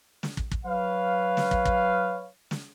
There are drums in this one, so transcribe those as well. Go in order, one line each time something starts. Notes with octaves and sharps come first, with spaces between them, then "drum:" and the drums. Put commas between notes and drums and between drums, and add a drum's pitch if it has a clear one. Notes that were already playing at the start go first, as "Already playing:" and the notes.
drum: snare
drum: kick
drum: kick
F#3 B4 C#5 F5
drum: snare
drum: kick
drum: kick
drum: snare